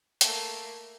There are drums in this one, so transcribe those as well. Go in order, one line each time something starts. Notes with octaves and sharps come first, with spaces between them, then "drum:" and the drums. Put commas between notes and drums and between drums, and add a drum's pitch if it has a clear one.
A3 A#3, drum: hi-hat